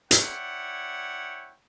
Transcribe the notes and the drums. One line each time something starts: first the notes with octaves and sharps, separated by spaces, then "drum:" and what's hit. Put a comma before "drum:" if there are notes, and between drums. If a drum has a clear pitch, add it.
E4 C#5 D5 F#5 G5, drum: hi-hat